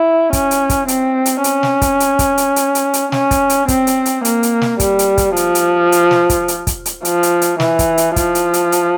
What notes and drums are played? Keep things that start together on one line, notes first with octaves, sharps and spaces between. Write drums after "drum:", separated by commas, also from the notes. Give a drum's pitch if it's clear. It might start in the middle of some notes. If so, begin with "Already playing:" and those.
Already playing: E4
C#4, drum: kick, hi-hat
drum: hi-hat
drum: kick, hi-hat
C4, drum: hi-hat
drum: hi-hat
C#4, drum: hi-hat
drum: snare
drum: kick, hi-hat
drum: hi-hat
drum: kick, hi-hat
drum: hi-hat
drum: hi-hat
drum: hi-hat
drum: hi-hat
C#4, drum: snare
drum: kick, hi-hat
drum: hi-hat
C4, drum: kick, hi-hat
drum: hi-hat
drum: hi-hat
A#3, drum: hi-hat
drum: hi-hat
drum: snare
G3, drum: kick, hi-hat
drum: hi-hat
drum: kick, hi-hat
F3, drum: hi-hat
drum: hi-hat
drum: hi-hat
drum: snare
drum: kick, hi-hat
drum: hi-hat
drum: kick, hi-hat
drum: hi-hat
F3, drum: hi-hat
drum: hi-hat
drum: hi-hat
E3, drum: snare
drum: kick, hi-hat
drum: hi-hat
F3, drum: kick, hi-hat
drum: hi-hat
drum: hi-hat
drum: hi-hat